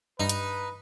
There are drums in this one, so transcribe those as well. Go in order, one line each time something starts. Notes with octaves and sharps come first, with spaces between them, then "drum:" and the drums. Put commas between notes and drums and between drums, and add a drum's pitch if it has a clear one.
G2 D#4 B4
drum: hi-hat